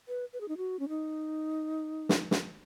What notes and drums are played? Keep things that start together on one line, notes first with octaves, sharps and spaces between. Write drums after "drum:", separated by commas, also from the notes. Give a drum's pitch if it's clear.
B4
B4
G#4
D#4
F#4
C#4
D#4
drum: snare
drum: snare